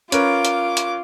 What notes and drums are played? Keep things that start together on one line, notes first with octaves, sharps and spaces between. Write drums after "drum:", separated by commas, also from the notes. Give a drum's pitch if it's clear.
C#4 F4 A#4 B4 C#5 D6, drum: hi-hat
drum: hi-hat
drum: hi-hat